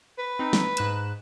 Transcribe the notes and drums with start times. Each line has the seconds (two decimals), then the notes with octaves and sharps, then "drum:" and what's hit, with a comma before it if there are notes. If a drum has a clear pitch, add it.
0.18 B4
0.39 C4 D#4
0.53 drum: snare
0.77 G#2 F#6 E7, drum: hi-hat